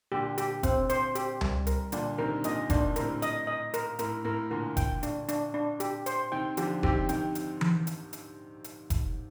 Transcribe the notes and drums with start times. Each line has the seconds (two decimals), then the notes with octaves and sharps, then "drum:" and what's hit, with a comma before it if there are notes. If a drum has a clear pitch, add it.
0.12 A#2 D3 G4
0.38 G4, drum: hi-hat
0.63 C4, drum: kick F1, hi-hat
0.90 C5, drum: hi-hat
1.15 G4, drum: hi-hat
1.41 G3, drum: tom C#2
1.67 A#4, drum: hi-hat
1.92 A#2 D3 D4, drum: hi-hat
2.18 C3 D#3 A#4
2.44 A#2 D3 D#5, drum: hi-hat
2.70 A#2 D3 D4, drum: kick F1, hi-hat
2.96 A2 C3 A#4, drum: hi-hat
3.22 D#5, drum: hi-hat
3.47 D#5
3.74 A#4, drum: hi-hat
3.99 A2 A#4, drum: hi-hat
4.25 A2 A#4
4.50 A#2 D3 A#4
4.77 G5, drum: kick F1, hi-hat
5.03 D4, drum: hi-hat
5.29 D4, drum: hi-hat
5.54 D4
5.80 G4, drum: hi-hat
6.06 C5, drum: hi-hat
6.32 C3 D#3 G5
6.57 D3 F3 G4, drum: hi-hat
6.83 C3 D#3 G4, drum: kick F1
7.09 C3 D#3 G5, drum: hi-hat
7.35 drum: hi-hat
7.61 drum: tom E3
7.87 drum: hi-hat
8.13 drum: hi-hat
8.64 drum: hi-hat
8.90 drum: kick F1, hi-hat